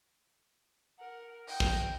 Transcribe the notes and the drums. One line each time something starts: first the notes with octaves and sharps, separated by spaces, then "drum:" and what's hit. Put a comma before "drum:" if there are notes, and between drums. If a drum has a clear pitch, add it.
A#4 F#5
F#4 D#5 G5
drum: kick